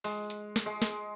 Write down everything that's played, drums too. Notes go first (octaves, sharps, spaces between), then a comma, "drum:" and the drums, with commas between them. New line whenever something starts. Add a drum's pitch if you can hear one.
G#3, drum: open hi-hat
drum: hi-hat
drum: snare
G#3
drum: snare